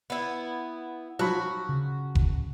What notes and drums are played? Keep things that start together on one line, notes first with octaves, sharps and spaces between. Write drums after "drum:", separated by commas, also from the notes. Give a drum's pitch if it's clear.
B3 E4
F3 F#3 F#4 B5
C#3
drum: kick F1